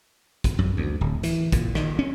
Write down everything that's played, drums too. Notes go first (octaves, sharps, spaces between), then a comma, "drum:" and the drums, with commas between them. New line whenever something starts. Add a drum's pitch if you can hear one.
drum: kick, hi-hat
F#2
D2
D1
E3, drum: hi-hat
A#2, drum: kick, hi-hat
D#3, drum: rim click
C#4